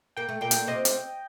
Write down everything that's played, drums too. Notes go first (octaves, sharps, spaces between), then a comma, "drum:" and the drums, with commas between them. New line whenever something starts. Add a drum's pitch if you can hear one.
A#3 G5
A3
A#2 A#3 G5
drum: hi-hat
C3 C4 D#5
drum: hi-hat